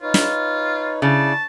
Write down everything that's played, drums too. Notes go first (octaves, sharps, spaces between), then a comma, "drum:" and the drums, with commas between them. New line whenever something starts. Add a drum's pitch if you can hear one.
D#4 F4 B4 C#5
drum: snare
C#3 E4 D5 A5